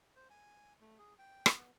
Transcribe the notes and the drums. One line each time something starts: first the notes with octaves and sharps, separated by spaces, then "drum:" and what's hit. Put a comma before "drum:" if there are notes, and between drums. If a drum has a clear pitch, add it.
C5
G#5
A3
G#4
G5
drum: rim click
B3